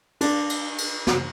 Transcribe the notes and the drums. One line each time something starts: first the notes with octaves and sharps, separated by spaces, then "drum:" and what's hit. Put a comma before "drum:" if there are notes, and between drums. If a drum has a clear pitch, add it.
D4, drum: cymbal
drum: cymbal
drum: cymbal
drum: snare